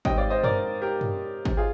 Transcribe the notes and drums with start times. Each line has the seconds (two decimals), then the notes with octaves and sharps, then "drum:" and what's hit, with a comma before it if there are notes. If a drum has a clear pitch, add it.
0.05 G#2 D#3 G3 C4 D#5 G5, drum: kick G#1
0.18 D5 F5
0.30 C5 D#5
0.43 A#4 D5, drum: tom
0.82 G4 A#4
1.01 drum: tom
1.45 drum: kick G#1
1.57 F4 G#4